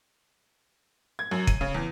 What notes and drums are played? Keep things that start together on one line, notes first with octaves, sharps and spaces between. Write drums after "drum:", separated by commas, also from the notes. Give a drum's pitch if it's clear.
G#6
F#2
D#7, drum: kick
C#3
E2